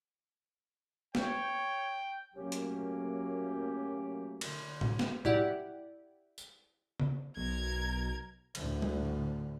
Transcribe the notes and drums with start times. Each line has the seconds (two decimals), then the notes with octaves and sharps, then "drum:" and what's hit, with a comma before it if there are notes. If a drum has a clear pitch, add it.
1.15 C#5 G5, drum: snare
2.36 F#3 A3 A#3 C#4 G4
2.52 drum: hi-hat
4.41 D3, drum: cymbal
4.81 drum: tom A2
4.99 drum: snare
5.25 E4 G4 D5 F#5, drum: tom A2
6.38 drum: tambourine
7.00 drum: tom
7.37 B1 A#4 G#6
8.55 D2 A2 D3, drum: cymbal
8.82 drum: tom G3